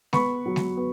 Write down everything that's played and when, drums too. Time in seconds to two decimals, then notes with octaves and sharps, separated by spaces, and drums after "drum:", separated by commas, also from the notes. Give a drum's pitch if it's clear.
0.13 B3 B5 C#6, drum: snare G#3
0.46 F#3
0.56 drum: snare G#3
0.77 B3